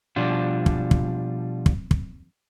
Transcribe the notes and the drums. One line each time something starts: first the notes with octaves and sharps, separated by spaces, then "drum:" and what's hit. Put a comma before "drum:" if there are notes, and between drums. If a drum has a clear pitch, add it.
B2 F3 G3 D4 F4
drum: kick
drum: kick
drum: kick
drum: kick